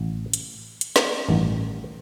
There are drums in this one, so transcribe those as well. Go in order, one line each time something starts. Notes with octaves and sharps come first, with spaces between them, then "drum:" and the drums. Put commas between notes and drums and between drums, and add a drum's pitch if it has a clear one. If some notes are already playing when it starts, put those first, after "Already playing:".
Already playing: A1
drum: hi-hat
drum: hi-hat
drum: snare
A1 G2 D#3